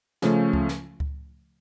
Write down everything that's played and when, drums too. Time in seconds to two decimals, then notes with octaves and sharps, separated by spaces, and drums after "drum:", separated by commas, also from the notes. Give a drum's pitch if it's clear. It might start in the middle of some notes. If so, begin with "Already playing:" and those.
0.22 C#3 F3 A3 C#4, drum: snare
0.53 drum: kick C#2
0.69 drum: snare
1.00 drum: kick C#2